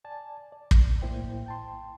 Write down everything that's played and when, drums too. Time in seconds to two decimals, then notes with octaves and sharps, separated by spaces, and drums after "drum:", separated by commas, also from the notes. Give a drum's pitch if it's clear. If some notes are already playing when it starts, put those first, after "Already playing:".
0.05 D5 G#5 A5
0.52 D5
0.71 drum: kick
1.02 A2 A#3 E4 C5 G5
1.46 G5 A5 C6